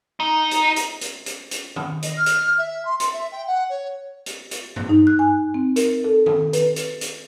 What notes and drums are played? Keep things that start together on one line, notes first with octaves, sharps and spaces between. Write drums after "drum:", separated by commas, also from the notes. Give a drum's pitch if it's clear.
D#4
drum: hi-hat
drum: hi-hat
drum: hi-hat
drum: hi-hat
drum: hi-hat
drum: tom D#3
D#5, drum: hi-hat
F6
drum: hi-hat
E5
C6
C6, drum: hi-hat
E5
G5
F#5
C#5
drum: hi-hat
drum: hi-hat
drum: tom G2
D#4
F#6
G#5
C4
A#4, drum: hi-hat
A4
drum: tom D#3
B4, drum: hi-hat
drum: hi-hat
drum: hi-hat